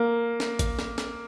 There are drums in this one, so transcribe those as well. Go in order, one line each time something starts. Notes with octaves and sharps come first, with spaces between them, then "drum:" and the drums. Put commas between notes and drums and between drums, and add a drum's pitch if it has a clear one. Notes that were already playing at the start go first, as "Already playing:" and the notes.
Already playing: A#3
drum: snare
drum: kick, hi-hat
drum: snare
drum: snare